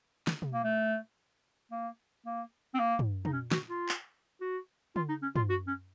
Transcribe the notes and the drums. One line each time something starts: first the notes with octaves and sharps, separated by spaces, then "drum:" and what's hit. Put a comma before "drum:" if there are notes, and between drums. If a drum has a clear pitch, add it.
drum: snare
drum: tom
A#3
A3
A#3
A#3
C4
A#3
drum: tom
D#4, drum: tom
C#4
F#4, drum: snare
F4
drum: clap
F#4
F4, drum: tom
D#4
C#4
F4, drum: tom
F#4
C#4